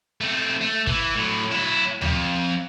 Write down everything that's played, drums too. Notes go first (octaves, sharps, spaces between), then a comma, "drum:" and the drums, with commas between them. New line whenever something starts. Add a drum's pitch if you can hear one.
A3 C4
A3
E3, drum: kick
A2 F#3
F#3 E4
F2, drum: tom D2